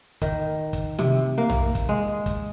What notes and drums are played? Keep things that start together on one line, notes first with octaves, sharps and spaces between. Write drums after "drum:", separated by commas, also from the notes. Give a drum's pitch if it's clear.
D#3, drum: kick, hi-hat
drum: kick, hi-hat
C3, drum: tom D#3
A#3
drum: tom A#1
drum: kick, hi-hat
G#3
drum: kick, hi-hat